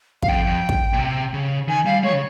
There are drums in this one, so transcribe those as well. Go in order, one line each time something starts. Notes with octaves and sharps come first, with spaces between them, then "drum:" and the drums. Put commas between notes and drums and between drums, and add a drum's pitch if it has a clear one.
F5, drum: kick
F2 G5
F2
drum: kick
A#2
C3
C#3
D#3 G#5
G3 F5
G#3 C#5
C#3